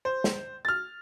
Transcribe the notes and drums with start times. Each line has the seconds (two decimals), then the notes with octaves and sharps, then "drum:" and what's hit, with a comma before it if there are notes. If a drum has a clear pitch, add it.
0.05 C5
0.24 drum: snare
0.65 F6 A6